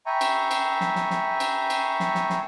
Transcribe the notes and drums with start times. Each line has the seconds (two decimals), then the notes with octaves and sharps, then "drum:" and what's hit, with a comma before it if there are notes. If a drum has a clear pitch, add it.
0.06 E5 G5 G#5 A#5 B5 C#6
0.21 drum: cymbal
0.51 drum: cymbal
0.81 drum: snare
0.96 drum: snare
1.10 drum: snare
1.40 drum: cymbal
1.70 drum: cymbal
2.00 drum: snare
2.15 drum: snare
2.30 drum: snare